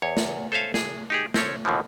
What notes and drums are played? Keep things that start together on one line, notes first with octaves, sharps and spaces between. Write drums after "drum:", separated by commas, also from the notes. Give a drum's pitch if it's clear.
E2 C#5
drum: snare
A4 C5 C#5 E5 F5 G#5
G#4, drum: snare
D#4 G4 G#4
C4 C#4 A4 C#5, drum: snare
D#2 B2 D3 E3 F3